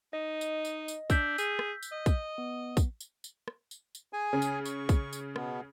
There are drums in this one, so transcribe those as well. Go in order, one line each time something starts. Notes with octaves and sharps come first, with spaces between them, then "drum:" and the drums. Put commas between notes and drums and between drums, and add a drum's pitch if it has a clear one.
D#4 D#5
drum: tambourine
drum: tambourine
drum: tambourine
D4 E6 G6 B6, drum: kick, tambourine
G#4, drum: tambourine
drum: rim click
drum: tambourine
D#5
drum: kick, tambourine
B3
drum: kick, tambourine
drum: tambourine
drum: tambourine
drum: rim click
drum: tambourine
drum: tambourine
G#4 G#5
C#3
drum: tambourine
C#6, drum: tambourine
drum: kick, tambourine
drum: tambourine
B2 B3, drum: rim click